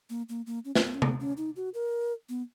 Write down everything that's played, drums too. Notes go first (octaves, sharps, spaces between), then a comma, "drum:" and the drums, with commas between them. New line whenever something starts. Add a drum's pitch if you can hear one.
A#3
A#3
A#3
C#4
C#4, drum: snare
B3
C#4
B3, drum: tom C3
C#4
D#4
F#4
A#4
B3